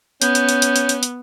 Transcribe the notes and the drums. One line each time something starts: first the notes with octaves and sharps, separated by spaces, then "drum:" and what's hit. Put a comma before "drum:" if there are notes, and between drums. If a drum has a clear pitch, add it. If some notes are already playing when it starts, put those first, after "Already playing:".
B3 C#4 G6, drum: hi-hat
drum: hi-hat
drum: hi-hat
drum: hi-hat
drum: hi-hat
drum: hi-hat
drum: hi-hat